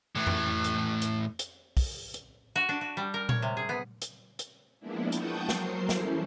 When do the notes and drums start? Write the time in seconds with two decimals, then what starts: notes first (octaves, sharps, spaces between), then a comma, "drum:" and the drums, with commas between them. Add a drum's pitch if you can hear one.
0.15 A2 E3
0.27 drum: tom F2
0.64 drum: hi-hat
1.02 drum: hi-hat
1.39 drum: hi-hat
1.77 drum: kick, open hi-hat
2.14 drum: hi-hat
2.56 F#4
2.69 D4
2.81 F#4
2.97 G3
3.14 A#4
3.29 C#5, drum: tom A#2
3.42 C3
3.57 G#4
3.69 B3
4.02 drum: hi-hat
4.39 drum: hi-hat
4.80 F3 G#3 A#3 B3 D4 E4
5.12 F#5 G5 A5 C#6 D#6 G6, drum: hi-hat
5.49 F#3 A#4 C5 C7, drum: snare
5.89 E3 G3 C#4 E4 A4, drum: snare